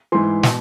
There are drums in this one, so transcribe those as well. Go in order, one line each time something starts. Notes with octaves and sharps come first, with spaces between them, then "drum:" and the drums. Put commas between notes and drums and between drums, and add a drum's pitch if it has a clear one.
G#2 E3 C6
B2, drum: snare